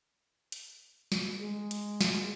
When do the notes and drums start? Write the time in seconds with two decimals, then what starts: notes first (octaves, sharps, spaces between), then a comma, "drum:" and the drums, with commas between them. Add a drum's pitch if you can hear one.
0.52 drum: hi-hat
1.12 drum: snare
1.41 G#3
1.71 drum: hi-hat
2.01 drum: snare